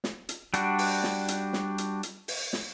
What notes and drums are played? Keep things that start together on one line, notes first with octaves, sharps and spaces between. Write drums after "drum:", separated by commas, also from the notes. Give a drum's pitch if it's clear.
drum: snare
drum: hi-hat
G3 D4 F#4, drum: hi-hat
drum: open hi-hat
drum: snare
drum: hi-hat
drum: snare
drum: hi-hat
drum: hi-hat
drum: open hi-hat
drum: snare